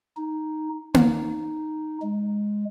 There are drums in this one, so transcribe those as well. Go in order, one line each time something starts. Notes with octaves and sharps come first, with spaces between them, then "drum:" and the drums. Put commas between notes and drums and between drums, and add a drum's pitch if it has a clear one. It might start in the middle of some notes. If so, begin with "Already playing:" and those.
D#4
D#4, drum: tom A#3
G#3